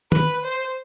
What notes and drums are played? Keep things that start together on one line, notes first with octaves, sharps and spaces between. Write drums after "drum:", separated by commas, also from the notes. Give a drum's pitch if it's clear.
B4, drum: tom
C5